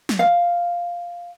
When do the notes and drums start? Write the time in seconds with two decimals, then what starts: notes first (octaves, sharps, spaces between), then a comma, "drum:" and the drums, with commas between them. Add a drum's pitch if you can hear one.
0.09 drum: snare
0.19 F5